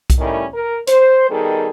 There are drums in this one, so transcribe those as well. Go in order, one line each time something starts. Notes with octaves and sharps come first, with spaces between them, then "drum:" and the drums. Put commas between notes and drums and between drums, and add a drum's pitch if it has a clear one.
drum: kick B1, hi-hat
D#3 G3 A3 C#4 E4
A#4
C5, drum: hi-hat
B2 D#3 G3 G#4 A4